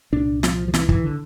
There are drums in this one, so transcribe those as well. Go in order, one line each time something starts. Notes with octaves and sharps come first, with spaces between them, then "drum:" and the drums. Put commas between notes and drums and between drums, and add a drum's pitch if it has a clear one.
C2 A#2 D4
F3, drum: snare
F3
E3, drum: snare
E3, drum: kick
D3